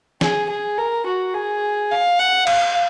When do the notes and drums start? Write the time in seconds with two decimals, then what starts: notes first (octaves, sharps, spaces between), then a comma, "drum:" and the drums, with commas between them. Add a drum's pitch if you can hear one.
0.21 G#4, drum: snare
0.50 G#4
0.78 A#4
1.06 F#4
1.34 G#4
1.91 F5
2.19 F#5
2.47 F5, drum: cymbal